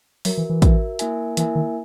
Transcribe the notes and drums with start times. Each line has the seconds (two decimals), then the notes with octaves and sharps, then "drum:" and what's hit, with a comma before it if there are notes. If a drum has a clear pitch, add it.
0.25 F#3 F#4 A#4 E5, drum: open hi-hat
0.37 E3
0.50 E3
0.62 F#4 A#4 E5, drum: kick, hi-hat
0.99 A#3 E4 A#4 E5 G#5, drum: hi-hat
1.37 E3 A#3 E4 A#4 E5 G#5, drum: hi-hat
1.55 D#3